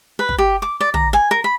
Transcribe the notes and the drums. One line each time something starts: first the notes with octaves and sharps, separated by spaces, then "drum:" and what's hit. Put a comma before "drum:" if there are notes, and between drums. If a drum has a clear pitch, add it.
B4
drum: kick
G4
D6
D5
A#5, drum: tom
G#5
A#4
B5